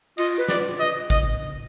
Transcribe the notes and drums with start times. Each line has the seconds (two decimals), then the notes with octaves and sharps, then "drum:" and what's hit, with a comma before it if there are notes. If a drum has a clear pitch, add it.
0.18 F4 D#5, drum: cymbal
0.39 B4
0.48 D5, drum: snare
0.80 D#5
1.10 D#5, drum: kick G1